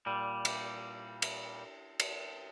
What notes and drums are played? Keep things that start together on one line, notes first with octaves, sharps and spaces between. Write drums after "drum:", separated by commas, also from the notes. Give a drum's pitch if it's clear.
A#2 G3
drum: cymbal
drum: cymbal
drum: cymbal